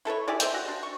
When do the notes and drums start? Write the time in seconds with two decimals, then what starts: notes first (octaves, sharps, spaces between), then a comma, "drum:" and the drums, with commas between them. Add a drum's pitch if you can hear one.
0.05 E4 A4 B4 C#5
0.28 E4 G4 G#4 D5
0.40 C5 E5 G5, drum: hi-hat
0.54 F#4
0.68 D4
0.83 C#6